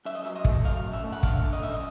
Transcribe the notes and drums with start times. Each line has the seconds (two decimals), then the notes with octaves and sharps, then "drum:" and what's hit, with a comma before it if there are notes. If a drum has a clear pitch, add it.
0.05 F#2 E5
0.15 D#5
0.24 F#3 E5
0.35 D#5
0.45 A3, drum: kick
0.64 F#3 F5
0.84 F#2
0.93 E5
1.04 A3
1.12 F#5
1.23 D3 F5, drum: kick
1.43 D3
1.53 D#5
1.62 F#2 E5
1.74 D#5